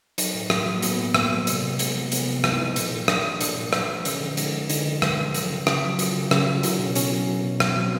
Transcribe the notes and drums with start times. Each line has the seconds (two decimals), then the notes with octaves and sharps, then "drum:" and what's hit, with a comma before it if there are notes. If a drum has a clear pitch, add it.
0.18 F#3 D#4, drum: hi-hat
0.34 A2
0.50 A2, drum: rim click
0.66 F#3
0.75 A#3
0.82 F#3 B3, drum: hi-hat
0.93 B3
0.99 A2
1.04 B3
1.14 A2 A#3, drum: rim click
1.31 F#3
1.47 C3, drum: hi-hat
1.63 C3
1.79 G#3 B3, drum: hi-hat
1.96 F3
2.12 C3 B3, drum: hi-hat
2.23 B3
2.27 C3
2.44 G#3 D#4, drum: rim click
2.53 E4
2.60 F3 D#4
2.76 A#2, drum: hi-hat
2.92 A#2
3.08 G#3 D4, drum: rim click
3.25 F3
3.41 A#2 D4, drum: hi-hat
3.57 A#2
3.73 G#3, drum: rim click
3.89 F3
4.05 D3 C#4, drum: hi-hat
4.21 D3
4.37 G#3 D#4, drum: hi-hat
4.54 F3
4.70 D3 D#4, drum: hi-hat
4.86 D3
5.02 G#3, drum: rim click
5.18 F3
5.34 F#3, drum: hi-hat
5.50 C#3
5.67 C#3 F4, drum: rim click
5.83 F#3
5.99 F#3, drum: hi-hat
6.16 C#3
6.31 C#3, drum: rim click
6.47 F#3
6.57 F4
6.63 F#3 E4, drum: hi-hat
6.74 D4
6.79 B2
6.85 C#4
6.95 B2 C#4, drum: hi-hat
7.12 F#3
7.28 F#3
7.44 B2
7.60 B2 B3, drum: rim click
7.71 C4
7.76 F#3